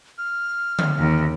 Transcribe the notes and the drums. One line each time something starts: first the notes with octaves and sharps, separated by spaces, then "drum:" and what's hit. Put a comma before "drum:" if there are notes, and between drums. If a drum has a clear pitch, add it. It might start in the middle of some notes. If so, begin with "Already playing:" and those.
F6
drum: tom D3
D#2